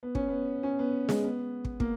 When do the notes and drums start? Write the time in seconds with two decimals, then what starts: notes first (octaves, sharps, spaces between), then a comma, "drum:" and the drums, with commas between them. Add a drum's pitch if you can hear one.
0.03 B3
0.15 C#4, drum: kick
0.29 B3
0.63 C#4
0.79 B3
1.09 G#3, drum: snare
1.24 B3
1.65 drum: kick
1.80 A#3, drum: kick